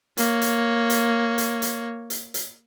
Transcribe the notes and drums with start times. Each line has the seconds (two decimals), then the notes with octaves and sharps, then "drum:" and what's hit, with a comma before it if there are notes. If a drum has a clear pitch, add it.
0.17 A#3 C#5, drum: hi-hat
0.41 drum: hi-hat
0.90 drum: hi-hat
1.38 drum: hi-hat
1.62 drum: hi-hat
2.10 drum: hi-hat
2.34 drum: hi-hat